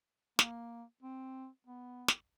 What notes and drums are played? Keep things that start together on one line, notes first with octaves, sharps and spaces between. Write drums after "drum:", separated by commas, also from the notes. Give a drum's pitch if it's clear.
A#3, drum: snare
C4
B3
drum: snare